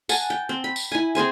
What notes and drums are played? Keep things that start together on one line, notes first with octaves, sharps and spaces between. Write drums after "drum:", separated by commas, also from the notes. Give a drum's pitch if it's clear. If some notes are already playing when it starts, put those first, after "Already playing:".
F#5 G#5 A5, drum: tambourine
G5
C4
B5
drum: tambourine
E4 G#5
C4 G#4 C5 G#5